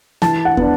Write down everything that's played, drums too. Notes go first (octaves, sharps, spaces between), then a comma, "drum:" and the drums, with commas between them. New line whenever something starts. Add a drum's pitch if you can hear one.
E3 A5, drum: snare
F#5
B3 D4, drum: kick